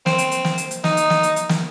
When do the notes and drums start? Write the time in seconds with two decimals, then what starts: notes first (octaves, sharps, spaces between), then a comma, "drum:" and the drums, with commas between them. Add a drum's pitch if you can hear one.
0.06 C4, drum: snare
0.18 drum: hi-hat
0.31 drum: hi-hat
0.45 drum: snare
0.58 drum: hi-hat
0.71 drum: hi-hat
0.84 D#4, drum: snare
0.97 drum: hi-hat
1.10 drum: snare
1.23 drum: hi-hat
1.36 drum: hi-hat
1.49 drum: snare